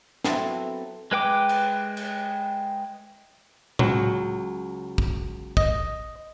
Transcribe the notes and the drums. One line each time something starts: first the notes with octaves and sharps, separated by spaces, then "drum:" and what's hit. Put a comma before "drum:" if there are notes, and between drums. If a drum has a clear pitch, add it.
F#3 B3 C4 E4 A4, drum: snare
G#3 B4 G5 D6
drum: cymbal
drum: cymbal
C#2 F#3, drum: tom A2
drum: kick
D#5, drum: kick